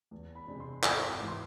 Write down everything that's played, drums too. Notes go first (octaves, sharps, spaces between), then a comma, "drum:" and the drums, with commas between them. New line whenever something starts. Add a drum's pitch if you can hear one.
E2
B5
C3 G#3 D4
C6
G#1 B5, drum: clap
C6
G#2 E3 D6
C6